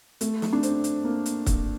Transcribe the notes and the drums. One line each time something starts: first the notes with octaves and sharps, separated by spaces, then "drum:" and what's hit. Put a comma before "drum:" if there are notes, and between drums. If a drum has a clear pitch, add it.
A3, drum: hi-hat
drum: snare
D4
C4, drum: hi-hat
drum: hi-hat
A#3
drum: hi-hat
drum: kick, hi-hat